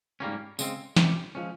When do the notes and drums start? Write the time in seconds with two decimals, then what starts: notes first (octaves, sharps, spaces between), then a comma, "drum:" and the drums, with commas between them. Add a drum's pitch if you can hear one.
0.20 G#2 G3 A#3 C#4
0.59 C#3 G#3 C4, drum: tambourine
0.97 C#2 C3 G3 C#4 G4, drum: snare
1.35 F3 G#3 C#4